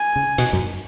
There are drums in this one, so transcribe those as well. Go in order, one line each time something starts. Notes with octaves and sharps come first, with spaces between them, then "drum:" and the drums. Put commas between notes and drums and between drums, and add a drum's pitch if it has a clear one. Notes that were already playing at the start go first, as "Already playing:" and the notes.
Already playing: G#5
C#3
B2, drum: hi-hat
F#2